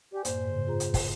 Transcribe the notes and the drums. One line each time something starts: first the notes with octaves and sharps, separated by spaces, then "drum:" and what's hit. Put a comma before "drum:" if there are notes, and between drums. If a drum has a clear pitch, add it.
G4 D5 G#5
F#2 A2 A#3 C5, drum: hi-hat
G#2 C#3
F4 G#4 A#5
drum: hi-hat
drum: kick, open hi-hat